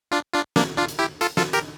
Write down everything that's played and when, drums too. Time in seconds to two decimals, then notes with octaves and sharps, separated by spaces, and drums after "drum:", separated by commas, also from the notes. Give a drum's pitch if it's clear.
0.11 D4 F4
0.33 D4 F4
0.56 A#3 D4, drum: snare
0.77 D4 F4
0.88 drum: hi-hat
0.99 E4 G4
1.21 F4 A4, drum: hi-hat
1.37 F4 A4, drum: snare
1.53 G4 A#4, drum: hi-hat